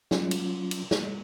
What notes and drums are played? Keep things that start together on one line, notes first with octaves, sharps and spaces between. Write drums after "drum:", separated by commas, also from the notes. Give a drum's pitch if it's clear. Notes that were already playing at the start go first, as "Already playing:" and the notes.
F#3 C#4 F4, drum: snare
drum: cymbal
drum: cymbal
drum: snare